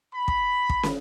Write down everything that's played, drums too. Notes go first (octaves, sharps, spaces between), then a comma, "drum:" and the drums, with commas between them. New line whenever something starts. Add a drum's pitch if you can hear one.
B5
drum: kick
drum: kick
drum: snare